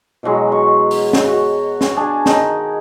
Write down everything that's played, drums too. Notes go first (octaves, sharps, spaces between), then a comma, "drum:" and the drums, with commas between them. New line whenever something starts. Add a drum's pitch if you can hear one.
B2 E3 F#3 G#3
C#6
drum: open hi-hat
drum: snare
F#4
drum: snare
D4 G#4 G#5 A5
D#3 D#4, drum: snare